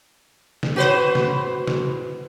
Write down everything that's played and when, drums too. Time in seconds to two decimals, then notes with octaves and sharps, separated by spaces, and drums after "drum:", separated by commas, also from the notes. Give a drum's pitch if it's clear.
0.63 drum: snare
0.76 F#4 B4 C5
1.15 drum: snare
1.67 drum: snare